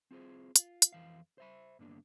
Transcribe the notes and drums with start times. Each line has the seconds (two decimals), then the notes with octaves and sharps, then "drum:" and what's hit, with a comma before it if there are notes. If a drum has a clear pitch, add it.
0.11 C4 F4 G#4 C5
0.56 F4, drum: hi-hat
0.82 drum: hi-hat
0.93 F2 E3 F5
1.38 C5 E5 B5
1.79 G2 D3 A#3 B3 D4